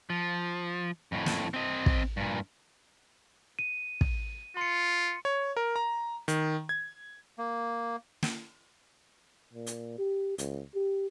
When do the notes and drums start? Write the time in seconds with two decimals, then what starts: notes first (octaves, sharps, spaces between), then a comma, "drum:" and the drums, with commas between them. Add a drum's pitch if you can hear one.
0.10 F3
1.12 F2 A2
1.26 drum: snare
1.54 C4 D#5
1.86 drum: kick
2.17 G2 A#2
3.59 D#7
4.01 drum: kick
4.57 F4 C6 C#7
5.25 C#5
5.57 A#4
5.76 A#5
6.28 D#3, drum: hi-hat
6.69 G#6
7.38 A#3
8.23 drum: snare
9.53 A#2
9.67 drum: hi-hat
9.99 G4
10.38 C#2, drum: hi-hat
10.75 G4